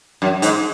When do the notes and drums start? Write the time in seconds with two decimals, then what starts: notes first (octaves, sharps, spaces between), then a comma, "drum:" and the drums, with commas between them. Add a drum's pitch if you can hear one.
0.22 F#2
0.42 G#2, drum: hi-hat